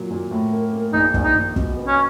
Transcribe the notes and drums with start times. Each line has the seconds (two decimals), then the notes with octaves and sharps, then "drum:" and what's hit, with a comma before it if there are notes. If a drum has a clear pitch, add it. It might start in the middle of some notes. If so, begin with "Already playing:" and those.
Already playing: A#2 F#3
0.10 A#2
0.31 A2
0.53 A#3
0.73 A#3
0.93 A#1 D#4
1.14 A#1, drum: kick
1.24 D#4
1.35 A#1
1.56 B2, drum: kick
1.77 B3
1.88 C#4